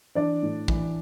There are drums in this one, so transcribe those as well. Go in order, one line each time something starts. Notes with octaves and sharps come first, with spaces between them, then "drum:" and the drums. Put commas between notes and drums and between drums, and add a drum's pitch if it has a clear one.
E3 D4 D5
A2
E3, drum: kick